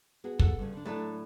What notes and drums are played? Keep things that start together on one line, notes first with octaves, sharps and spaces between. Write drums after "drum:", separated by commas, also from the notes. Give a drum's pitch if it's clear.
B3 F#4 G#4
A4 F#5, drum: kick
G2 C#3
D3 D4
A2 F#3 A3 D4 A4